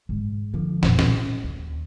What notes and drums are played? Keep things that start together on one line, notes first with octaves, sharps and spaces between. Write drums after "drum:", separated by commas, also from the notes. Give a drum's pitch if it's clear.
G#2
D3 F3
F2 A#2, drum: snare
C#4 D#4, drum: snare
D#2